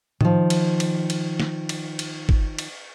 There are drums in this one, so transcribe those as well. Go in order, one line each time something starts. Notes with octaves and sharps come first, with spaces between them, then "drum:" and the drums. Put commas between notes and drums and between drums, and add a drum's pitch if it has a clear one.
D#3 F3, drum: tom A2
drum: cymbal
drum: cymbal
drum: cymbal
drum: snare
drum: cymbal
drum: cymbal
drum: kick
drum: cymbal